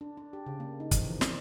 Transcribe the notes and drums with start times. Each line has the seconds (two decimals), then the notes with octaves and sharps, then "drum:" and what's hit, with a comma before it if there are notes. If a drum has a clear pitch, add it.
0.01 D4
0.17 D4
0.33 G4
0.46 C#3
0.60 A#3
0.80 D#4
0.91 F3, drum: kick, hi-hat
1.05 E3
1.21 D5, drum: snare